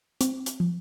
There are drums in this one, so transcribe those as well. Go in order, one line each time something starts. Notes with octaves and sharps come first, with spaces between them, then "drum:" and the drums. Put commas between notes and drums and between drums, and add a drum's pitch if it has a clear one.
C4, drum: hi-hat
drum: hi-hat
F3